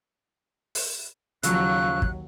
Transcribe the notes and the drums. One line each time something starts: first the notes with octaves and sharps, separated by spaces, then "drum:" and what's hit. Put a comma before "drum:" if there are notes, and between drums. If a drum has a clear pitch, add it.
drum: open hi-hat
D#2 C#3 F3 F#3 F5 C#6 E6 F#6, drum: hi-hat
drum: kick